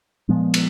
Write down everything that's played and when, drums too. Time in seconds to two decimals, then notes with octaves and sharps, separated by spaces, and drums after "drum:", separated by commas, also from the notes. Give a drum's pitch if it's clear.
0.29 A#2 F3 G#3 B3
0.54 drum: cymbal